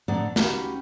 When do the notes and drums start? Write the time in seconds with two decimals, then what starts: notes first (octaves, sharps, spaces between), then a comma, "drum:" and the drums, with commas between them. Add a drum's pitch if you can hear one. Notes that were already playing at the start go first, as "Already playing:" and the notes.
0.08 A2 D3 B3 A4 D5 A#5
0.36 C#4 D#4 F#4 G4 B4, drum: snare